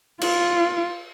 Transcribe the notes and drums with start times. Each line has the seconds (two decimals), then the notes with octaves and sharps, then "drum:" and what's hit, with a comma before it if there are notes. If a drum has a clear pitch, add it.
0.21 F4, drum: cymbal